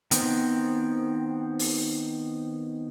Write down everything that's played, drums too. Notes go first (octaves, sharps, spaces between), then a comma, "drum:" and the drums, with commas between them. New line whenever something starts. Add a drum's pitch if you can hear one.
D#3 B3 C4, drum: hi-hat
drum: open hi-hat